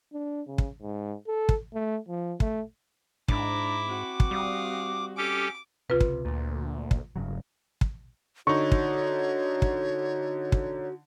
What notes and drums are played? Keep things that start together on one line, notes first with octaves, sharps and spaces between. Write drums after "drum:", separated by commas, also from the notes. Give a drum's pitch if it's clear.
D4
C#3
drum: kick
G#2
A4
drum: kick
A3
F3
A3, drum: kick
G#2 D4 E4 A#5 D6, drum: kick
C4 F#4
drum: kick
G3 F5 D#6
C#4 G4 A4 D6
C#2 C3 F4 B4
drum: kick
D2 A#2
drum: kick
F1 G2 C#3 F#3
drum: kick
D3 D#4 F#4 C#5 C#6
drum: kick
drum: kick
drum: kick